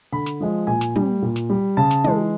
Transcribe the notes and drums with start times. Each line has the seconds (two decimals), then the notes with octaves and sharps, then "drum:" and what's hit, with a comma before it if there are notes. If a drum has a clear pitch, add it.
0.13 D3 B5
0.26 drum: snare
0.40 F3 G#3
0.67 A#2 G#5
0.81 drum: snare
0.95 G3, drum: tom
1.22 A#2
1.36 drum: snare
1.50 G3
1.77 C#3 A5
1.91 drum: snare
2.04 E3 G#3, drum: tom